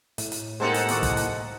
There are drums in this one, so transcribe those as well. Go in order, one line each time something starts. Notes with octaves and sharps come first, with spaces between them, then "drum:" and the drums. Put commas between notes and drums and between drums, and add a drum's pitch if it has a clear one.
A2, drum: hi-hat
drum: hi-hat
G#3 A#3 D#4 G4 A4 C5 F#5
drum: hi-hat
D#2 C#6 D6, drum: hi-hat
drum: kick, hi-hat
drum: hi-hat